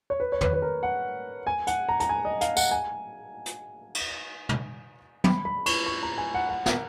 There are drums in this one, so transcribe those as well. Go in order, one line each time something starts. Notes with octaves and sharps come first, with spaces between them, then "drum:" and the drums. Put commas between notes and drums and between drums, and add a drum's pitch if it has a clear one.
C#5
B4
C#5
B4, drum: tom
B4
A#4
F#5
G#5
F#5, drum: hi-hat
A#5
A#5, drum: hi-hat
G#5
D#5
F5, drum: hi-hat
F#5, drum: tambourine
G#5
drum: hi-hat
drum: cymbal
drum: tom
B5, drum: tom
B5
C#6, drum: cymbal
C#6
A#5
G#5
F#5
F#5
A#4, drum: snare